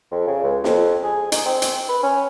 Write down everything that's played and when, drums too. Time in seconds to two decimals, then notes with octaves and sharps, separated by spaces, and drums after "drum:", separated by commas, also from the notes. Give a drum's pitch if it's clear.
0.12 F2
0.27 C#3
0.44 C#2
0.64 F2, drum: snare
1.04 G#4
1.32 D#4, drum: hi-hat
1.45 C4
1.62 drum: hi-hat
1.89 B4
2.03 C#4